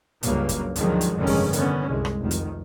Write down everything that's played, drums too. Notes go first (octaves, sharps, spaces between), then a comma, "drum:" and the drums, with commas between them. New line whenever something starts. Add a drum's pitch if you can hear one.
C#2 G2 C#3 F#3 A#3, drum: hi-hat
drum: kick, hi-hat
D2 D3 D#3 F3 F#3 G#3, drum: hi-hat
drum: hi-hat
F1 G2 D3 D#3 G#3 C#4
drum: kick, open hi-hat
D3 B3 C#4, drum: hi-hat
C2 F#2 G#3
drum: rim click
F1 D#3
drum: hi-hat